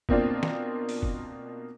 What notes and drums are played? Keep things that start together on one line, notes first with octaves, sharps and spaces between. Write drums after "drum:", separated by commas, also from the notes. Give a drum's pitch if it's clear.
B2 A#3 C4 D4 F4, drum: kick
drum: snare
drum: open hi-hat
drum: kick